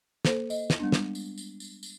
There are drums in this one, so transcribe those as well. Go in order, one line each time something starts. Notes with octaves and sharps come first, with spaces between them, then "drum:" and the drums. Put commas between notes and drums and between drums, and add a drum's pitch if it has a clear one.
A#3 A4 C5, drum: snare
D#5, drum: tambourine
drum: snare
G3 G#3 B3 D4
drum: snare
drum: tambourine
drum: tambourine
drum: tambourine
drum: tambourine